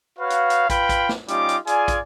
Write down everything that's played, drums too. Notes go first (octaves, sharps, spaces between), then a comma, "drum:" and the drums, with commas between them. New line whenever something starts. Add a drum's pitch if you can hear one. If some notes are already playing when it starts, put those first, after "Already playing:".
F#4 B4 C#5 F5
drum: hi-hat
drum: hi-hat
F4 B4 F5 G5 B5, drum: kick, hi-hat
drum: kick, hi-hat
drum: snare
G3 C#4 D#4 F4 G4 D6, drum: hi-hat
drum: hi-hat
F4 G#4 D5 G#5, drum: hi-hat
drum: kick, hi-hat